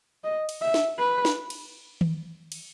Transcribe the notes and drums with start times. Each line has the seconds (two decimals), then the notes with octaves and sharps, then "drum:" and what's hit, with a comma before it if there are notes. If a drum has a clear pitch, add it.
0.24 D#5
0.49 drum: cymbal
0.62 E5
0.74 drum: snare
1.00 B4
1.25 drum: snare
1.50 drum: cymbal
2.01 drum: tom D#3
2.52 drum: cymbal